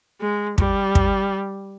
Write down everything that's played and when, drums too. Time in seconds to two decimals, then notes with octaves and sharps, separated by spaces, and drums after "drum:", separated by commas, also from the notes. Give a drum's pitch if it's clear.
0.21 G#3
0.58 G3, drum: kick
0.95 drum: kick